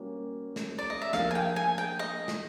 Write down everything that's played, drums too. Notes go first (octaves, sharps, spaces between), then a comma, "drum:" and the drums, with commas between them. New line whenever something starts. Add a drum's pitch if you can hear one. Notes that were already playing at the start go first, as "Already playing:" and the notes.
Already playing: G3 A#3 C#4 F#4
drum: snare
D5
D#5
E5
F3 A#3 D4 G4 A#4 F5, drum: snare
G#5
G5
G#5
G5
D#5
drum: snare